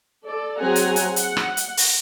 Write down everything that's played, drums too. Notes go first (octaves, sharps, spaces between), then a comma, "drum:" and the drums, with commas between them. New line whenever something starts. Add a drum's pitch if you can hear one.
A4 D5
F#3 C4 G#4 F#5 G#5 A#5
drum: hi-hat
drum: hi-hat
F#5, drum: hi-hat
drum: rim click
drum: hi-hat
drum: open hi-hat